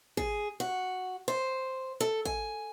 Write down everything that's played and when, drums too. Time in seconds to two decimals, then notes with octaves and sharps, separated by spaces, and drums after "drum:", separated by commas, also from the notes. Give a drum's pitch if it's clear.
0.17 G#4, drum: kick
0.60 F#4
1.28 C5
2.00 A4
2.25 G#5, drum: kick